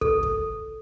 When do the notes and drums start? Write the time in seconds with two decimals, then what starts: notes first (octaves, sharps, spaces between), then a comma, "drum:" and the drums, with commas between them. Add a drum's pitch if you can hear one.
0.01 A4, drum: kick
0.23 drum: kick